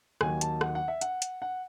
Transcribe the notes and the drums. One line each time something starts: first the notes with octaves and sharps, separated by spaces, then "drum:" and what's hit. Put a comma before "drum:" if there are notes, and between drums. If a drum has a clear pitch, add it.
D#2 D#3 F#3 A#3 G#5, drum: rim click
A5, drum: hi-hat
F#5, drum: rim click
F#5
E5
F#5, drum: hi-hat
drum: hi-hat
F#5